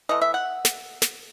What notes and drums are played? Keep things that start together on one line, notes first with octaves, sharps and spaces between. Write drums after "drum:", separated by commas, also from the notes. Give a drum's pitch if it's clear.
E3 A3 D#5
E5
F#5
drum: snare
drum: snare